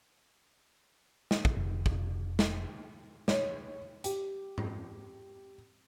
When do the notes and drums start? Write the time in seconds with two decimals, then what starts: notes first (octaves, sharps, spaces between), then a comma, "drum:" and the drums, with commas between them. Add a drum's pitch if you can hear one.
1.31 drum: snare
1.45 drum: kick
1.56 F1
1.86 drum: kick
2.39 drum: snare
3.28 C#5, drum: snare
4.04 G4, drum: hi-hat
4.58 drum: tom G#2